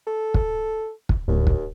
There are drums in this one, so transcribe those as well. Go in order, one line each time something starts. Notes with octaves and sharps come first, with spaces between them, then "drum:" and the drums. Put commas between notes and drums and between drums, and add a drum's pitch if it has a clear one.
A4
drum: kick
drum: kick
D1 D#2
drum: kick